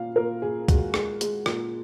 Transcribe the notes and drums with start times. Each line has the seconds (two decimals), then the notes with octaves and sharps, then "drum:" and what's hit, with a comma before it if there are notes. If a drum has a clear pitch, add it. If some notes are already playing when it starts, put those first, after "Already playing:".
Already playing: A#2 F5
0.16 A#2 A#4
0.42 A#2 G#4
0.68 G#3 F#4, drum: kick, hi-hat
0.94 G#3, drum: rim click
1.21 G#3, drum: hi-hat
1.46 A#2, drum: rim click